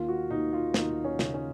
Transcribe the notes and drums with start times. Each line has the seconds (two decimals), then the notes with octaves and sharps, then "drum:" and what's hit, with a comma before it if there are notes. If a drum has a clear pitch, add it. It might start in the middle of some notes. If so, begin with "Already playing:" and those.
Already playing: D#2 F4
0.08 F#4
0.31 D#2 D#4
0.53 F4
0.74 D#2 D#4, drum: snare
1.04 C#4
1.19 C#3, drum: snare
1.34 C#4